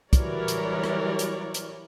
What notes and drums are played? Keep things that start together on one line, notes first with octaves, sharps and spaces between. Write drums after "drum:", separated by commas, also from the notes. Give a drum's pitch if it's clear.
E3 F#3 G3 A#4 C#5 D5, drum: kick, hi-hat
drum: hi-hat
drum: rim click
drum: hi-hat
drum: hi-hat